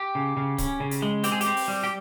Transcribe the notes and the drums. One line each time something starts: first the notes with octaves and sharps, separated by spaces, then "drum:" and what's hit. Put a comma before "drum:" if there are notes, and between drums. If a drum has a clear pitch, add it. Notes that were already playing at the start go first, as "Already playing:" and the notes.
Already playing: G4
C#3
C#3
C#4, drum: kick C#1, hi-hat
C#3
drum: hi-hat
G#3
C4 G4, drum: hi-hat
G#4
G4, drum: hi-hat
C4
drum: open hi-hat
G3
G4